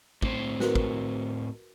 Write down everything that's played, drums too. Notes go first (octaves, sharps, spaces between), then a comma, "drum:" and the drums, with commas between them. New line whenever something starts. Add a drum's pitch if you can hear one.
A2 C4 C5, drum: kick
F#4 A#4 B4, drum: snare
drum: kick